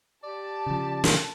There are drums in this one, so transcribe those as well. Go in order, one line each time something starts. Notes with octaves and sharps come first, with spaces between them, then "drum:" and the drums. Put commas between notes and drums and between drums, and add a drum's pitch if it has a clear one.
G4 D5 A5
C#3 F3
drum: snare